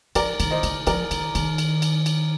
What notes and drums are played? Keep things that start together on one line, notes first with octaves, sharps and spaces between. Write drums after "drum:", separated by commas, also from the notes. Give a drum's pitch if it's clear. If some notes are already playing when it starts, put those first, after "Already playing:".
F3 A#4 D5, drum: cymbal
D#3, drum: cymbal
C5 D#5
D3, drum: cymbal
F3 A#4 D5, drum: cymbal
D#3, drum: cymbal
D#3, drum: cymbal
drum: cymbal
drum: cymbal
drum: cymbal